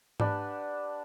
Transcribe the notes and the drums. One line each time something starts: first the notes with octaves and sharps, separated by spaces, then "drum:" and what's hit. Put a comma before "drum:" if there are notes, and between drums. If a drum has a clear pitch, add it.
D4 G4 B4 F#5, drum: tom G#2